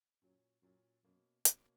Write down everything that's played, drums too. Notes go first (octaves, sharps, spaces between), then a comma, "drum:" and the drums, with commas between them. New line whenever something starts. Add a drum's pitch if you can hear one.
F#2 A#2 F#3 C#4
F#2 A#2 F#3 C#4
F#2 B2 A#3 C#4
F#2 B2 A#3 C#4, drum: hi-hat